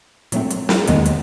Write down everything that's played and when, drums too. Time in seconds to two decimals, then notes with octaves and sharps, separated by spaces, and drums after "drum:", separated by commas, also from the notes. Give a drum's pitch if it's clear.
0.32 A#2 F#3 A3 C4, drum: hi-hat
0.50 drum: hi-hat
0.69 drum: snare
0.87 D#2 D#3 G#3 B3, drum: hi-hat
1.05 drum: hi-hat